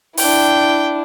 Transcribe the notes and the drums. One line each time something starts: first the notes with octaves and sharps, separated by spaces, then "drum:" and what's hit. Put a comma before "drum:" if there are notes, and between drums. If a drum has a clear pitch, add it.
D4 E4 G5, drum: open hi-hat